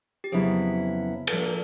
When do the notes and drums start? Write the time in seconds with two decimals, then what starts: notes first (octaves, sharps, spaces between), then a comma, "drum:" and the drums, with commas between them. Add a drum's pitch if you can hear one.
0.24 G4
0.32 F2 C#3 F#3 B3 E4 G#4
1.27 A4, drum: cymbal
1.32 F3 A#3 D4 A#4